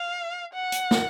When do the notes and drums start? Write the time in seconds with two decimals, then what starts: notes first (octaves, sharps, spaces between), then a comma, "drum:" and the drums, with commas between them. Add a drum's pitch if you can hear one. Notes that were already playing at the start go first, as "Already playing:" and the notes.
Already playing: F5
0.54 F#5
0.72 drum: hi-hat
0.91 drum: snare